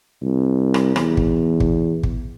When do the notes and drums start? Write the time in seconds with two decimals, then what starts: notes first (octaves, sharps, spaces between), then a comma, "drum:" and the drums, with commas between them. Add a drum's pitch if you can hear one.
0.22 C2
0.74 drum: rim click
0.96 E2, drum: rim click
1.17 drum: kick
1.60 drum: kick
2.03 drum: kick